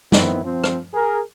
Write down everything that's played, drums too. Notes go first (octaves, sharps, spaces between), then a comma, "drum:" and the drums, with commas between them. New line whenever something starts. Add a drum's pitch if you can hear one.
D#3 B3 C4 E4, drum: snare
F3 C4
drum: rim click
G#4 A#4